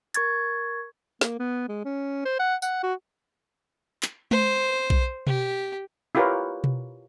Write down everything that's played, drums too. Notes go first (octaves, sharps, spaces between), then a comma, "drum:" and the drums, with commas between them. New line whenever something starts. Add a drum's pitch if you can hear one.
A#4 C#6 G#6 A6, drum: hi-hat
A#3, drum: snare
B3
G#3
C#4
C5
F#5
F#5, drum: tambourine
F#4
drum: clap
C5, drum: tom G#3
drum: kick B1
G4, drum: tom B2
E4 F4 G4 A#4 B4 C#5
drum: tom B2